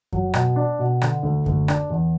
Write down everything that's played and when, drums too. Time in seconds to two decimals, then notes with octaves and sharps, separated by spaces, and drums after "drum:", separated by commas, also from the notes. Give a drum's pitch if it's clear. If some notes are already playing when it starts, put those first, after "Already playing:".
0.12 F#3, drum: kick F#2
0.34 B2, drum: rim click
0.56 D4
0.79 B2
1.02 D3, drum: rim click
1.23 D2
1.46 D2, drum: kick F#2
1.68 D4, drum: rim click
1.90 E2